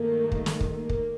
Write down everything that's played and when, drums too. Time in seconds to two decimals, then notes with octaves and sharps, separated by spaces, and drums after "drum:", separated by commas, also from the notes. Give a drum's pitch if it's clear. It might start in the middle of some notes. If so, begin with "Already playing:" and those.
Already playing: G2 D#3 A3 A#3
0.32 drum: kick
0.46 drum: snare
0.61 drum: kick
0.74 A#3
0.89 drum: kick